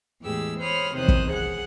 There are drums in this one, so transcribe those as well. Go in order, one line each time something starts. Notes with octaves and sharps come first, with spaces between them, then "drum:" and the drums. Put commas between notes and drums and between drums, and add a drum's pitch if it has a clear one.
E2 A2 G#3 G4 G#4 E6
C5 C#5 B5 D#6 F6
E2 C3 D#3 C5 D#6 F#6
drum: kick
G#4 F#5 F#6